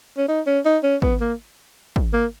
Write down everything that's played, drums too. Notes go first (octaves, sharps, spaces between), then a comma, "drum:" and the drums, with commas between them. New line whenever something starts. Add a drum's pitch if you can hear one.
C#4
D#4
C#4
D#4
C#4
B3, drum: kick
A#3
drum: kick
A#3